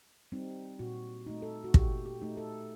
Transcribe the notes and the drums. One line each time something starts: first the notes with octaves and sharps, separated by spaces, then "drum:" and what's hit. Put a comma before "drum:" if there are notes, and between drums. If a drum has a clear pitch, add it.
G3 C4 D#4
A#2 F#4
A3 D#4
A4
F#4
A#2 G4, drum: kick
G4
A3 D#4
A4